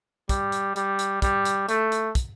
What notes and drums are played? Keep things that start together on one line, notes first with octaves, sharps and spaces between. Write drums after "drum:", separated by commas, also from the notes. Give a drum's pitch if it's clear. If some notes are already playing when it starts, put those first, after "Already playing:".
G3, drum: kick, hi-hat
drum: hi-hat
G3, drum: hi-hat
drum: hi-hat
G3, drum: kick, hi-hat
drum: hi-hat
A3, drum: hi-hat
drum: hi-hat
drum: kick, hi-hat